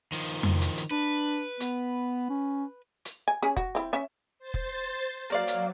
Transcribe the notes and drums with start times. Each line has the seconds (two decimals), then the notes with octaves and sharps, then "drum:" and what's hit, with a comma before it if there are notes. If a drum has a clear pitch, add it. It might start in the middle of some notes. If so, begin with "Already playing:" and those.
0.12 D#3 F3
0.43 drum: tom F2
0.61 drum: hi-hat
0.77 drum: hi-hat
0.91 D4 B4
1.60 B3, drum: hi-hat
2.30 C#4
3.05 drum: hi-hat
3.28 G#5
3.42 C#4 G#4
3.57 F#4, drum: kick F1
3.75 C4 E4
3.93 C#4 E5
4.39 C5 A6
4.54 drum: kick F1
5.30 F#3 A#3 D5 F5
5.48 drum: hi-hat